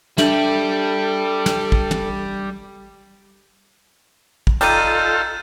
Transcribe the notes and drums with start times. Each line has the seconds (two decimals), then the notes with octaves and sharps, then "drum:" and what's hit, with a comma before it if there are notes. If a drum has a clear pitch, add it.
0.18 G3 D4 G4 A4 E5 F#7, drum: snare
1.46 drum: snare
1.72 drum: kick A1
1.91 drum: tom
4.47 drum: kick A1
4.61 G3 D#4 F4 A4 G6 A6 D#7, drum: cymbal